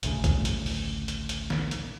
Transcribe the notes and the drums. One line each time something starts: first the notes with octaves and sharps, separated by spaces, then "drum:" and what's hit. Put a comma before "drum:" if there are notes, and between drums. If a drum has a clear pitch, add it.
A1 D2 C#3, drum: hi-hat
drum: kick C2, hi-hat
drum: hi-hat
drum: open hi-hat
drum: hi-hat
drum: hi-hat
drum: snare
drum: hi-hat